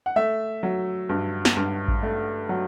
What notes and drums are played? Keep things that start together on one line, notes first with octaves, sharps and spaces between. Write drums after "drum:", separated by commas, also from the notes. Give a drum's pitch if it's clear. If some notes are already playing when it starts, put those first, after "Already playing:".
F#5
A3 E5
F#3
G2
drum: snare
G2
drum: kick A1
A3
F#3